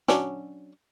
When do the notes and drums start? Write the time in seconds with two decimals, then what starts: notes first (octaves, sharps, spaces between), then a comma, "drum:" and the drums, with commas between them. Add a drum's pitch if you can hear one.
0.08 F#3 C#4 D4, drum: snare